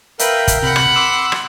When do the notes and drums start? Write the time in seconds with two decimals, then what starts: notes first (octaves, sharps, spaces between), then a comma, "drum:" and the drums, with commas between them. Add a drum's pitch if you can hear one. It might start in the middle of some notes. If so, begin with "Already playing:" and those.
0.19 A#4 B4 E5 F5 G5, drum: hi-hat
0.48 drum: kick, hi-hat
0.62 C3 F#5 B5
0.76 drum: rim click
0.96 C6 D6 E6
1.32 drum: rim click